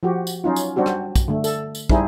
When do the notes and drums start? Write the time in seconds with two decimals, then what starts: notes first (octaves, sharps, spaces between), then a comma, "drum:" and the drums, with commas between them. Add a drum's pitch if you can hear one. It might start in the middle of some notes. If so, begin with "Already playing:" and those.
0.03 F3 F#4 G4
0.27 drum: tambourine
0.44 F#3 C#4 D#4 F4
0.56 drum: tambourine
0.76 G3 C4 D4 F#4 G4
0.86 drum: rim click
1.16 drum: kick, tambourine
1.28 D3 A3
1.44 A4, drum: tambourine
1.75 drum: tambourine
1.89 G3 C4 D#4 E4 G#4, drum: kick